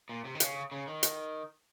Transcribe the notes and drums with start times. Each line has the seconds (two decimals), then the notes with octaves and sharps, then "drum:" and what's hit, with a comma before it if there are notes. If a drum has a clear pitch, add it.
0.09 A#2
0.25 C3
0.35 D#3
0.40 C#3, drum: hi-hat
0.72 C#3
0.87 D#3
1.03 drum: hi-hat